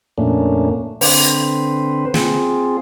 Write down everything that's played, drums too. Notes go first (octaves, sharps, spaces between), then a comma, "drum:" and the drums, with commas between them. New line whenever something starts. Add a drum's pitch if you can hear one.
F2 A#2 A3 A#3 C#4 D4
D3 C4 B4 C5, drum: open hi-hat
C4 F4 G#4, drum: snare